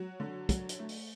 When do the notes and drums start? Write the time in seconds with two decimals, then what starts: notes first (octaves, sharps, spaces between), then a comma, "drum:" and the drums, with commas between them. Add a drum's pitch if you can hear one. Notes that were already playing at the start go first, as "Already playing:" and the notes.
Already playing: F#3 F#4
0.20 D3
0.49 F#3, drum: kick, hi-hat
0.69 drum: hi-hat
0.79 A3
0.89 drum: open hi-hat